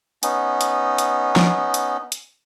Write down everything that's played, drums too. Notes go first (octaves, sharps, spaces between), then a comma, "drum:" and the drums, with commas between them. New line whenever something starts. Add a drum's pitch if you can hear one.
B3 C#4 D#4, drum: hi-hat
drum: hi-hat
drum: hi-hat
drum: snare
drum: hi-hat
drum: hi-hat